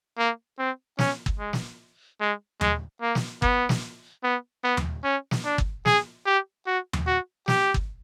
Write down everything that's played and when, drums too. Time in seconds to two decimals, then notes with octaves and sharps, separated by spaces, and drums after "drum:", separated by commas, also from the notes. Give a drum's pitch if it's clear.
0.18 A#3
0.59 C4
0.99 C#4, drum: snare
1.26 drum: kick
1.39 G#3
1.53 drum: snare
2.20 G#3
2.61 G#3, drum: tom D#2
3.02 A#3
3.15 drum: snare
3.42 B3, drum: kick
3.69 drum: snare
4.24 B3
4.64 B3
4.77 drum: tom D#2
5.04 C#4
5.31 drum: snare
5.45 D4
5.58 drum: kick
5.86 G#4, drum: snare
6.26 G4
6.66 F#4
6.93 drum: tom D#2
7.06 F#4
7.48 G4, drum: snare
7.74 drum: kick